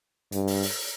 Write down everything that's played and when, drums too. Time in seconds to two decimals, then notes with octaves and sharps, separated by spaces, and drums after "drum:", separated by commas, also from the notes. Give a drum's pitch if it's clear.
0.32 G2, drum: hi-hat
0.47 drum: open hi-hat
0.63 drum: open hi-hat